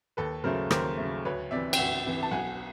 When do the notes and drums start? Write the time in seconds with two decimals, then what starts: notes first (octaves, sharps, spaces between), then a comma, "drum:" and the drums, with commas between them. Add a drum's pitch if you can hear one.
0.17 D#2 A4 B4
0.44 C#3 F#3 A3 A#4 C5
0.71 D#2 A#4 C5, drum: rim click
0.97 C#3 F#3 A3
1.25 D2 B4 C#5
1.51 C3 E3 D5 E5
1.73 G5, drum: cymbal
1.78 D2 E5 F#5
2.06 C3 E3
2.23 A5
2.31 B1 F#5 G#5